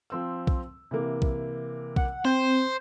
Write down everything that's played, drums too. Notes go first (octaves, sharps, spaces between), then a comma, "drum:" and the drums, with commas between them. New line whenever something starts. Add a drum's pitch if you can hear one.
F3 C4 E6
drum: kick B1
C3 E3 A#3
drum: kick B1
F#5, drum: kick B1
C4 C5 G5 G6